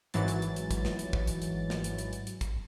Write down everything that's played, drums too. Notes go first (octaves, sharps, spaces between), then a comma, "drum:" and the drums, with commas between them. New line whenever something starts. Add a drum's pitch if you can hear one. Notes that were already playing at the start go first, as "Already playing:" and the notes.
G#1 G#2 E3 F#3 A6, drum: hi-hat
drum: hi-hat
drum: hi-hat
drum: hi-hat
drum: kick, hi-hat
drum: snare
drum: hi-hat
drum: kick
drum: hi-hat
drum: hi-hat
drum: snare
drum: hi-hat
drum: hi-hat
drum: hi-hat
drum: hi-hat
drum: kick, hi-hat